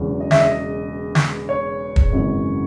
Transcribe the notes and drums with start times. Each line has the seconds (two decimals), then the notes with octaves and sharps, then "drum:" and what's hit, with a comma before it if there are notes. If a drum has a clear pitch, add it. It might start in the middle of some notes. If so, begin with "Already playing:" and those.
Already playing: E1 E2 C#3 F#3
0.20 D#5
0.31 E5, drum: snare
0.41 D#5
1.15 drum: snare
1.49 C#5
1.96 drum: kick
2.13 G#1 F#2 C#3 E3